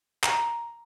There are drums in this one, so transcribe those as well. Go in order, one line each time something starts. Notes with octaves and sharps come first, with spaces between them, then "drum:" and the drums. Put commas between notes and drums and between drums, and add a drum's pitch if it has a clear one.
A#5, drum: clap